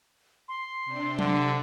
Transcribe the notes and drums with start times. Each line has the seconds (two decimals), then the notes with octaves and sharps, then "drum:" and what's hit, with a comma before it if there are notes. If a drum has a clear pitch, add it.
0.48 C6
0.86 C3 D4
1.19 D3, drum: tom F#3